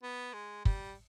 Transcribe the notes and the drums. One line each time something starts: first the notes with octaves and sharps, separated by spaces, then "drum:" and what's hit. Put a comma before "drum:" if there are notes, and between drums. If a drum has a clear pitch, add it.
B3
G#3
G3, drum: kick